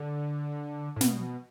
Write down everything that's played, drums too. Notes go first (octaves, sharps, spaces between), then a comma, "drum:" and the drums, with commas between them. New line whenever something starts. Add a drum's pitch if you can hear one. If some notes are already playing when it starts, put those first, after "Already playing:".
Already playing: D3
A2
B2, drum: snare